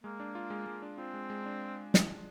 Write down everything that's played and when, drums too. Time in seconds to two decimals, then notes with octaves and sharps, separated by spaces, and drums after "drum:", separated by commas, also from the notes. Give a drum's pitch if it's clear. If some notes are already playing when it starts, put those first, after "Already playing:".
0.04 G#3 A#3
0.20 D4
0.35 F4
0.50 G#3
0.66 G#3
0.82 D4
0.98 C4 F4
1.14 G#3
1.30 G#3
1.46 D4
1.94 drum: snare